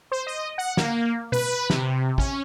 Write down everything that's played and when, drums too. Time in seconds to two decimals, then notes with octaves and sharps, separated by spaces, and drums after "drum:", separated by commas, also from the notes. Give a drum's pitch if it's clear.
0.12 C5
0.27 D#5
0.58 F#5
0.77 A#3, drum: snare
1.32 B4, drum: tom B2
1.70 C3, drum: snare
2.18 C#4, drum: kick